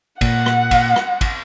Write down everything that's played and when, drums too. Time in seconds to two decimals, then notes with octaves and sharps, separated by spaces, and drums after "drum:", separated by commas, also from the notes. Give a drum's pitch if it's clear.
0.21 A#2 F#5, drum: kick, cymbal
0.46 drum: rim click
0.71 drum: kick, cymbal
0.96 drum: rim click
1.21 drum: kick, cymbal